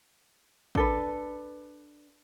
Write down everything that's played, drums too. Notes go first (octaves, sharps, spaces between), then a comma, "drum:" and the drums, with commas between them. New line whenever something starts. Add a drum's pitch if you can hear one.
D4 A4 B4, drum: kick